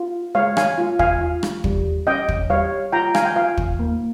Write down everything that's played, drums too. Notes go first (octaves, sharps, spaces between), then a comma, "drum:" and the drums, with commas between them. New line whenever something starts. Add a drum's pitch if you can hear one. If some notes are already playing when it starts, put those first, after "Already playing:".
Already playing: F4
G#3 C#5 F5
F5 G#5, drum: rim click
F4
F5 G#5, drum: kick
F4
drum: rim click
G3, drum: kick
C#4 D#5 G5
drum: kick
G3 C#5 F5
F4 G5 A#5
F5 G#5, drum: rim click
G5
F4 F5 G#5
drum: kick
A#3